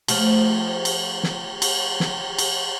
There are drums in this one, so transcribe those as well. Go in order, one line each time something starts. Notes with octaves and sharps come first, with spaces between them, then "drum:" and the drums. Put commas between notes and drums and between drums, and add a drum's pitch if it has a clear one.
F3 A3, drum: cymbal
drum: cymbal
drum: snare
drum: cymbal
drum: snare
drum: cymbal